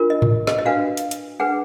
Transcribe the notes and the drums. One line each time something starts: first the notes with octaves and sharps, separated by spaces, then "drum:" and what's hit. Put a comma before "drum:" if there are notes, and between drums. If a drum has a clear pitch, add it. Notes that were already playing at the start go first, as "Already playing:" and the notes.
Already playing: D4 F4 A#4
D#5
drum: tom G#2
D#5, drum: snare
D#5
D4 F#4 B4 F5
drum: hi-hat
drum: hi-hat
D4 G#4 B4 F#5